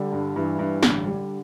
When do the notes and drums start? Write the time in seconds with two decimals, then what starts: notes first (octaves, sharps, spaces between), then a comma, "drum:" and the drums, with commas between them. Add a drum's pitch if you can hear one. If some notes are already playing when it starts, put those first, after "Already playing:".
Already playing: D3 G3
0.13 G2
0.36 G2 E3
0.59 G2
0.83 A1 D3, drum: snare
1.06 G3